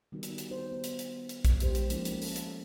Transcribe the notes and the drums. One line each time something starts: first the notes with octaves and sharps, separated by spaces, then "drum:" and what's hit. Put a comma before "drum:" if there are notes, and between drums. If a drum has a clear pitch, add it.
D#3 G3 B3 D#4 F#4
drum: hi-hat
drum: hi-hat
D#4 C5
B3
drum: hi-hat
drum: hi-hat
drum: hi-hat
drum: kick A#1, hi-hat
G#3 G4 C5, drum: hi-hat
drum: hi-hat
F3 G#3 A#3 C#4 D#4 E4, drum: hi-hat
drum: hi-hat
A4, drum: open hi-hat
drum: hi-hat